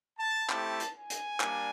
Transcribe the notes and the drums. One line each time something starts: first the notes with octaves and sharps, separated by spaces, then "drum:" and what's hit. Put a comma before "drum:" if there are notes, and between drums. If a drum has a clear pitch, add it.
A5
A3 C4 E4 G4 A5, drum: clap
drum: hi-hat
G#5
drum: hi-hat
G3 A#3 D4, drum: clap